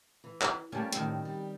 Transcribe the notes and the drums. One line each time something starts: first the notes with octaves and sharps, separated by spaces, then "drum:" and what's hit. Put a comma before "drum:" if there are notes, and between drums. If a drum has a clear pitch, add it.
E3
drum: clap
F3 G3 A3 A#3 C#4 G4
D#2 A2 D#3 C4, drum: hi-hat
G3